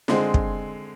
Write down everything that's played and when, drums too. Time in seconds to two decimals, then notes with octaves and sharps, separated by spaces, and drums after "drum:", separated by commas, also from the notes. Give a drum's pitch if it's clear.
0.08 D3 G#3 C4 G#4, drum: snare
0.34 drum: kick